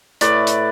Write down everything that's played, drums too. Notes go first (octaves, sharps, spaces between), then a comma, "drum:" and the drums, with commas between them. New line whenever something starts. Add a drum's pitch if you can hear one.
A2 B4 D5, drum: hi-hat
drum: hi-hat